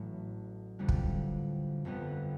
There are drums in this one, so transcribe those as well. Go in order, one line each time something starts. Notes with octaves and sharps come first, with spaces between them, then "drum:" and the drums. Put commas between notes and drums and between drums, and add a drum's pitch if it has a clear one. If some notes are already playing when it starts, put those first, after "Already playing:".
Already playing: A1 A2 F#3
F2 D3 G3 B3 D4
drum: kick
G1 F2 D3 G3 B3